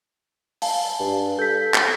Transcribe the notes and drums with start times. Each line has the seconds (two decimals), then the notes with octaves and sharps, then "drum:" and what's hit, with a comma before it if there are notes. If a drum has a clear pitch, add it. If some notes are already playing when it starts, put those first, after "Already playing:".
0.62 F5 G#5 A5, drum: open hi-hat
1.00 G2
1.39 A4 G6 B6
1.74 drum: clap